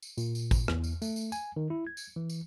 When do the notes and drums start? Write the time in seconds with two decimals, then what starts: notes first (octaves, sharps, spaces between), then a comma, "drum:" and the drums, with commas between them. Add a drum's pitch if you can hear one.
0.02 drum: tambourine
0.18 A#2, drum: tambourine
0.35 drum: tambourine
0.51 drum: kick A1, tambourine
0.68 E2, drum: rim click
0.84 drum: tambourine
1.02 A3, drum: tambourine
1.16 drum: tambourine
1.32 G#5, drum: tambourine
1.56 D#3
1.70 E4
1.87 G#6
1.97 drum: tambourine
2.16 E3
2.29 drum: tambourine